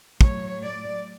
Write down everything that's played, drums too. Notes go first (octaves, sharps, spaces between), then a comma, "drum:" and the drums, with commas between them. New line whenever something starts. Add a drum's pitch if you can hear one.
A2 F#3 A3 C#5, drum: kick
D5